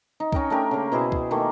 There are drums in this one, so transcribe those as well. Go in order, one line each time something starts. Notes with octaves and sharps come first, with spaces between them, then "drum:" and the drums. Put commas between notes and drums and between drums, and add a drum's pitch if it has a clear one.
D#4
C#4 D#4 G4 A#4, drum: kick
A3 D4 G4 A#4
C#3 A#3
B2 E4 G#4 C5
drum: kick
D#3 A3 A#3